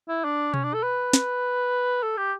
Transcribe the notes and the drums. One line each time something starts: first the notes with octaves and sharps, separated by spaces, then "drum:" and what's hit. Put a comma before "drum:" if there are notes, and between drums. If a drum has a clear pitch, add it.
E4
D4
C#4, drum: tom B2
D4
A4
B4
drum: snare
A4
G4